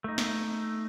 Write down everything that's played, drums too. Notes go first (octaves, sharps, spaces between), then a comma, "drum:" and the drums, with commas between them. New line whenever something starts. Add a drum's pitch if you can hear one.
A3 D#4
drum: snare